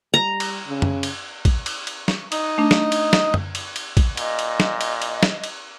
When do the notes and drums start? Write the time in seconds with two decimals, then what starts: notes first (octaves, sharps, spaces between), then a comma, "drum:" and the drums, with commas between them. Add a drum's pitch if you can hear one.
0.14 G3 A#5
0.40 drum: cymbal
0.67 C#3
0.82 drum: tom F#2
1.03 drum: cymbal
1.45 drum: kick, cymbal
1.66 drum: cymbal
1.87 drum: cymbal
2.08 C#6, drum: snare
2.32 D#4 D#5, drum: cymbal
2.58 A3 D4
2.71 drum: snare
2.92 drum: cymbal
3.13 drum: snare
3.34 drum: tom F#2
3.55 drum: cymbal
3.76 drum: cymbal
3.97 drum: kick, cymbal
4.17 A#2 D#5, drum: cymbal
4.39 drum: cymbal
4.60 drum: snare
4.81 drum: cymbal
5.02 drum: cymbal
5.23 drum: snare
5.44 drum: cymbal